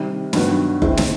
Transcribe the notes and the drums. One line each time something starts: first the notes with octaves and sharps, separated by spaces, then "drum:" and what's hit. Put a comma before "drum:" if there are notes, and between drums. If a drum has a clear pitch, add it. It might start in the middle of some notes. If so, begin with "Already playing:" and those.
Already playing: C3 D#3 G3
G2 D#3 F#3 B3, drum: snare
D#3 G#3 C4 E4, drum: kick F#1
drum: snare